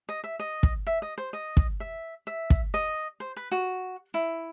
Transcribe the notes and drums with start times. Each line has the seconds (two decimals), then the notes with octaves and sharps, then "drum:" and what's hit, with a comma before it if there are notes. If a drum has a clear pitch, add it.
0.09 D#5
0.24 E5
0.40 D#5
0.63 drum: kick
0.87 E5
1.02 D#5
1.18 C5
1.33 D#5
1.57 drum: kick
1.80 E5
2.27 E5
2.50 drum: kick
2.74 D#5
3.20 C5
3.37 B4
3.52 F#4
4.14 E4